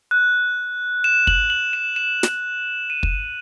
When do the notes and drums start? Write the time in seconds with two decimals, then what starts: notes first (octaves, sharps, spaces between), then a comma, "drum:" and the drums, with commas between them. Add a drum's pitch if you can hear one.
0.11 F#6
1.04 E7
1.27 F#7, drum: kick
1.50 F#7
1.73 E7
1.96 E7
2.23 drum: snare
2.90 D#7
3.03 drum: kick